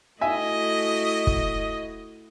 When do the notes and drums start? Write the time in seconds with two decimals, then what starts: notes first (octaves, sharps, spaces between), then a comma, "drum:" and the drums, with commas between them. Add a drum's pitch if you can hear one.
0.21 A3 E4 F#4 D#5 E5 G#5
1.27 drum: kick